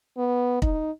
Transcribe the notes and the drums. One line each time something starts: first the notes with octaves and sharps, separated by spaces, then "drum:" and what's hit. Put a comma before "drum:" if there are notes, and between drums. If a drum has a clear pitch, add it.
B3
D#4, drum: kick